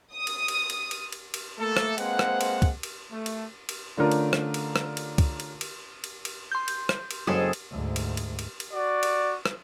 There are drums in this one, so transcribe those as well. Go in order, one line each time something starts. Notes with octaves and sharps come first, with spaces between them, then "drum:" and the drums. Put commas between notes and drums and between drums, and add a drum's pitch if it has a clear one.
D#6
drum: cymbal
drum: cymbal
drum: cymbal
drum: cymbal
drum: cymbal
drum: cymbal
A3 A#3 A4
drum: rim click
G#3 A#3 C4 B4 C5 F#5, drum: cymbal
drum: rim click
drum: cymbal
drum: kick, cymbal
drum: cymbal
A3
drum: cymbal
drum: cymbal
D3 A3 C#4 D4 F4 A#4
drum: cymbal
drum: rim click
drum: cymbal
drum: rim click
drum: cymbal
drum: kick, cymbal
drum: cymbal
drum: cymbal
drum: cymbal
drum: cymbal
C6 G6
drum: cymbal
drum: rim click
drum: cymbal
F#1 F#3 G#3 C4 G#4 A4 G#5 D#6
drum: cymbal
D2 G#2
drum: cymbal
drum: cymbal
drum: cymbal
drum: cymbal
F#4 D5
drum: cymbal
drum: rim click